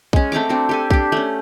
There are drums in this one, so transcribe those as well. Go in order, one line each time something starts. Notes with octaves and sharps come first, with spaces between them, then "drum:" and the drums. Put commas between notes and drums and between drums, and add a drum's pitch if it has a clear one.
G#3 C#4, drum: kick B1
A3 C4 A#5 D6
C4 D4 F#4
G4 A4 G#5
D4 G4, drum: kick B1
A3 C#4